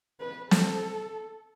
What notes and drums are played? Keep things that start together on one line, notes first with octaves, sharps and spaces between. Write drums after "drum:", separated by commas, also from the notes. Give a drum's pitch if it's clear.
B4
A4, drum: snare